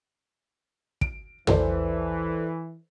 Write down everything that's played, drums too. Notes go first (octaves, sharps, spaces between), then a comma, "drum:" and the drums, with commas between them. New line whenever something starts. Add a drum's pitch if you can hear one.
D7, drum: kick
E3 A4 C5 D5, drum: tom